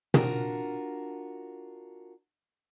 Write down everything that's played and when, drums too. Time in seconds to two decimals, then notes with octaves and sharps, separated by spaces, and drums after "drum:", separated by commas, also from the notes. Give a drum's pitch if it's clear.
0.14 D4 F4 F#4 A#4, drum: tom